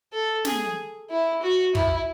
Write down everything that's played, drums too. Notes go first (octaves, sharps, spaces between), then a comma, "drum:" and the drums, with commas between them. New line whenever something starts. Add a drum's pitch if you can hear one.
A4
G#4, drum: snare
E4
F#4
E4, drum: kick